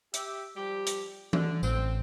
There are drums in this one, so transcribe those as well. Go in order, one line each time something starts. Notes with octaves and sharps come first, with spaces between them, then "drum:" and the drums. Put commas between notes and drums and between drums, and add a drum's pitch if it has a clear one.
G4 E5, drum: hi-hat
F3 G3 G4
drum: hi-hat
D3, drum: tom E3
A1 C4, drum: tambourine